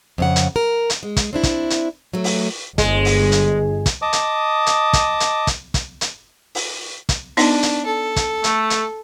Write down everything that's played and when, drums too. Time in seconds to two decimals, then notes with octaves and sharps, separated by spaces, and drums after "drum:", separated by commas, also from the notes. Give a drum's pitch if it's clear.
0.18 F2 C#3 F#5
0.36 drum: hi-hat
0.56 A#4
0.90 drum: hi-hat
1.03 G#3
1.17 drum: kick, hi-hat
1.33 C4 D4 E4
1.43 drum: kick, hi-hat
1.70 drum: hi-hat
2.13 F#3 A3
2.24 drum: open hi-hat
2.78 G1 G#3, drum: kick, hi-hat
3.05 drum: open hi-hat
3.32 drum: hi-hat
3.86 drum: kick, hi-hat
4.02 D#5 A5 D6 D#6
4.13 drum: hi-hat
4.66 drum: hi-hat
4.93 drum: kick, hi-hat
5.20 drum: hi-hat
5.47 drum: kick, hi-hat
5.74 drum: kick, hi-hat
6.01 drum: hi-hat
6.55 drum: open hi-hat
7.09 drum: kick, hi-hat
7.37 B3 D4 D#4 D#5, drum: open hi-hat
7.63 drum: hi-hat
7.86 A4
8.16 drum: kick, hi-hat
8.44 A3, drum: hi-hat
8.70 drum: hi-hat